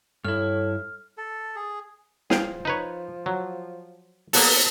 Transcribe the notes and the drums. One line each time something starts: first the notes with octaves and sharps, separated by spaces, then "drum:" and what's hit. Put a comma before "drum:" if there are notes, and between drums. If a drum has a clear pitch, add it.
G2 E4 A4 C#5 F6
A4
G#4
F3 G#4 F5 G5, drum: snare
D#4 B4 C#5
F#3
A#3 B3 A4, drum: open hi-hat